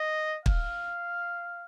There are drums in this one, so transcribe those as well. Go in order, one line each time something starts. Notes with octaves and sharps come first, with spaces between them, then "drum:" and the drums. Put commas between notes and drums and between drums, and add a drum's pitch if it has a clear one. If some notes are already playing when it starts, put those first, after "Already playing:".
Already playing: D#5
F5, drum: kick